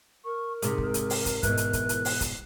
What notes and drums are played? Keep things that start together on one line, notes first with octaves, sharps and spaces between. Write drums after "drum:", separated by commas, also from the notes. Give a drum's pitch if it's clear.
A#4 C#6
G#2 C3 G#4, drum: hi-hat
drum: kick
drum: hi-hat
drum: open hi-hat
drum: kick, hi-hat
G#2 B2 E3 F#6, drum: kick, hi-hat
drum: hi-hat
drum: kick, hi-hat
drum: hi-hat
drum: open hi-hat
drum: kick, hi-hat